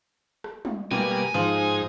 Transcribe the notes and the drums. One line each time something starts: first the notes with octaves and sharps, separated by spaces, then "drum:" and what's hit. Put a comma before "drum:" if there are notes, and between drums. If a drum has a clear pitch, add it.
drum: rim click
drum: tom G3
B2 G3 A#3 G#5, drum: tom G3
G#2 F3 D#4